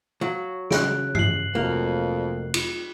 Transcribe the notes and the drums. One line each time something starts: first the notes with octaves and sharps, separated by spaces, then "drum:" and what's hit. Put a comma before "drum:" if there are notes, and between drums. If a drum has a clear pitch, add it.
F#3 F5
C#3 F#6 D7, drum: snare
C7 F#7, drum: tom G2
F1 F2 F#3 A#3
drum: cymbal